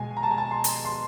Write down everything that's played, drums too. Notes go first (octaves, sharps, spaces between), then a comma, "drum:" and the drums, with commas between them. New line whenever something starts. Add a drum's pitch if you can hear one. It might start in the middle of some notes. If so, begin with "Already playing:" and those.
Already playing: B2 G#3 G#5
A#5
A5
G#5
A5
C6
drum: hi-hat
C6